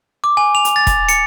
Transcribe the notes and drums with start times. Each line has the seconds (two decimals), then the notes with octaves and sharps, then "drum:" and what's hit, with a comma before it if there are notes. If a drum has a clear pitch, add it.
0.24 D6
0.37 G#5
0.55 F7
0.65 drum: hi-hat
0.76 A6
0.87 drum: kick E1, hi-hat
1.09 C#7, drum: hi-hat